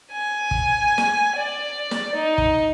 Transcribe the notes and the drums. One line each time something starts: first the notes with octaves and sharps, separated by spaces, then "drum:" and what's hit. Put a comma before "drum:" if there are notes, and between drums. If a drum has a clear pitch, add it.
G#5
drum: kick
drum: snare
D5
drum: snare
D#4
drum: kick